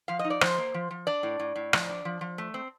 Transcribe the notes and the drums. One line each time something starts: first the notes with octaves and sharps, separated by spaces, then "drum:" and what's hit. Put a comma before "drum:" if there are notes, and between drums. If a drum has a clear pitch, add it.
F3 F5
D#5
D#4
D5
F3 C5, drum: rim click
A#3
F3
F3
D4 D5
A2
A2
A2
F3, drum: rim click
D4
F3
F3
A3
C4